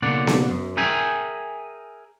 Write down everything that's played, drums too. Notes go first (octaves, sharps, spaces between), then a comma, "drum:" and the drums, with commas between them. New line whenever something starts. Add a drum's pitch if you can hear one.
B1 C#3 A#3 D5 F#5
drum: snare B3
F#2
G#4 A#4 E5 G5 G#5